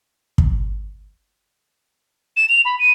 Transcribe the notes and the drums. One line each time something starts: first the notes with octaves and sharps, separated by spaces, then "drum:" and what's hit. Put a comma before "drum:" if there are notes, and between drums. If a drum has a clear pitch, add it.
drum: kick
E7
F7
B5
D#7